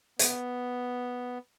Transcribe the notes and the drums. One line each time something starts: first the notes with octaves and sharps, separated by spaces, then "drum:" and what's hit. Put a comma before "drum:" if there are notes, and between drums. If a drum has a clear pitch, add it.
B3, drum: hi-hat